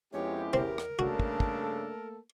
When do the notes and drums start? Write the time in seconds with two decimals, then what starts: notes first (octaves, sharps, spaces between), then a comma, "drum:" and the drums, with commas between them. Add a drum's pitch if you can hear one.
0.13 F2 G#3 B3 C#4 E4 G4 C#5
0.53 E2 C4 A#4
0.78 drum: rim click
0.99 G2 C#3 A3 A#3 D4 F#4 A4
1.20 drum: kick
1.40 drum: kick